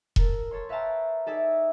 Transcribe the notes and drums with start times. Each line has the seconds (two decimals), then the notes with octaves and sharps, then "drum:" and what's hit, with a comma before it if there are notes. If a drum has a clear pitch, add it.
0.16 A4 A#4, drum: kick E1
0.51 A4 C#5 C6
0.69 B4 E5 F5 G5 A5 A#5
1.26 D#4 G#4 A4 D5 E5